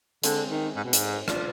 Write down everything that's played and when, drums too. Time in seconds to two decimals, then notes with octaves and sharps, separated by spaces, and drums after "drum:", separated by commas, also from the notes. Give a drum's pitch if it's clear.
0.24 D3 G#3 C4, drum: hi-hat
0.50 D#3
0.76 G#2
0.84 B2
0.93 G#2, drum: hi-hat
1.28 D4 F4, drum: rim click